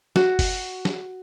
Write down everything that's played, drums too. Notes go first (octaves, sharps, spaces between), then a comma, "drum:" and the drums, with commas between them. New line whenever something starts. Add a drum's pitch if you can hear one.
F#4, drum: snare
drum: kick F#1, open hi-hat
drum: snare